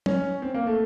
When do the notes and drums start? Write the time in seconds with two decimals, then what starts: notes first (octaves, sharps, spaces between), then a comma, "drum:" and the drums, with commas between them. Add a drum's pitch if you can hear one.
0.06 C#4, drum: tom
0.42 C4
0.54 A#3
0.67 A3